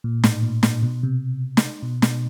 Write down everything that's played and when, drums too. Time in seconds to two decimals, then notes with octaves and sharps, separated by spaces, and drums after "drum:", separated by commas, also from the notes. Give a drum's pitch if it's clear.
0.04 A#2
0.24 A2, drum: snare
0.43 A#2
0.63 A#2, drum: snare
0.83 B2
1.03 C3
1.57 drum: snare
1.83 B2
2.02 B2, drum: snare